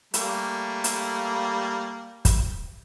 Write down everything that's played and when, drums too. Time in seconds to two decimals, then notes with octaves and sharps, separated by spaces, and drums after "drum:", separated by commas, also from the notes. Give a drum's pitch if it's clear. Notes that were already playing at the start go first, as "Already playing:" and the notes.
0.14 G3 A3 A#3, drum: hi-hat
0.84 drum: hi-hat
2.25 drum: kick, hi-hat